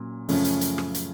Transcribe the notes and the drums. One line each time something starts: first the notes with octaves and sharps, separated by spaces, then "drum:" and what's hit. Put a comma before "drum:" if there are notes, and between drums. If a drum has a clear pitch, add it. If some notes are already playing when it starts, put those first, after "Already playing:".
Already playing: A#2 F#3 C#4
F#2 C#3 F3 A3 C#4, drum: open hi-hat
drum: hi-hat
drum: hi-hat
drum: rim click
drum: hi-hat